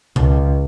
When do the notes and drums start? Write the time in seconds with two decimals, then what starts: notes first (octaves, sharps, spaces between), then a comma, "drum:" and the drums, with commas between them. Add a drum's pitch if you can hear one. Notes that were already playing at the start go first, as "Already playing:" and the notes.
0.16 C#2, drum: tom B2